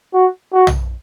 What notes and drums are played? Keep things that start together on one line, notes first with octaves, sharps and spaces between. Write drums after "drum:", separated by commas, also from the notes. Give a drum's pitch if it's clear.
F#4
F#4
drum: tom